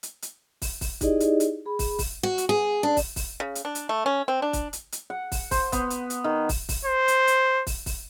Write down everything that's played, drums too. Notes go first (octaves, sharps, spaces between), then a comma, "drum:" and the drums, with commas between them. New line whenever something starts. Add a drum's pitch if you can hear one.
drum: hi-hat
drum: hi-hat
drum: kick, open hi-hat
drum: kick, open hi-hat
D#4 E4 G4 G#4 D5 D#5, drum: kick, hi-hat
drum: hi-hat
drum: hi-hat
G#4 B5
drum: kick, open hi-hat
drum: kick, open hi-hat
F#4
drum: hi-hat
G#4
D4
drum: kick, open hi-hat
drum: kick, open hi-hat
C#3
drum: hi-hat
D4
drum: hi-hat
A3
C#4
C4
D4
drum: kick, hi-hat
drum: hi-hat
drum: hi-hat
F#5
drum: kick, open hi-hat
C5, drum: kick, open hi-hat
B3, drum: kick, hi-hat
drum: hi-hat
drum: hi-hat
D#3
drum: kick, open hi-hat
drum: kick, open hi-hat
C5
drum: hi-hat
drum: hi-hat
drum: kick, open hi-hat
drum: kick, open hi-hat